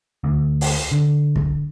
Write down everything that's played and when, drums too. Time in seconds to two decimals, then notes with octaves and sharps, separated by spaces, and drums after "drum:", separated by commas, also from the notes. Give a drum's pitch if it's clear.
0.24 D2
0.61 drum: open hi-hat
0.92 D3
1.36 drum: kick